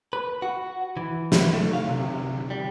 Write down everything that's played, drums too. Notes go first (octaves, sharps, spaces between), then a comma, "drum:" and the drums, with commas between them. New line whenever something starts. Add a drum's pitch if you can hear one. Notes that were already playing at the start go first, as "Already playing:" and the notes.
B4
F#4
E3
drum: snare
A3
F5
C3
G3